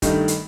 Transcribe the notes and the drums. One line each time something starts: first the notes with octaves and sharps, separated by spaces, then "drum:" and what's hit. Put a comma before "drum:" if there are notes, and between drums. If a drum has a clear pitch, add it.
G2 D#3 A3 D#4, drum: kick, hi-hat
drum: hi-hat